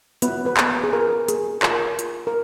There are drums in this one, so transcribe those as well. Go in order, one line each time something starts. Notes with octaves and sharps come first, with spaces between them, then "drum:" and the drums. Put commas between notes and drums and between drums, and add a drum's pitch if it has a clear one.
B3 F4 B4, drum: hi-hat
B3 B4
A#3, drum: clap
G#4
F4 A#4
A#3 G#4, drum: hi-hat
F4 A#4, drum: clap
F4, drum: hi-hat
A#4